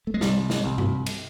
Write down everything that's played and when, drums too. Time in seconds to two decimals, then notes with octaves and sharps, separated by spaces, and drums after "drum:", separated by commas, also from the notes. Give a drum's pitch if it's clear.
0.07 A3
0.14 G#3
0.21 C2 G3, drum: snare
0.50 drum: snare
0.64 C2
0.78 drum: tom G2
1.06 drum: cymbal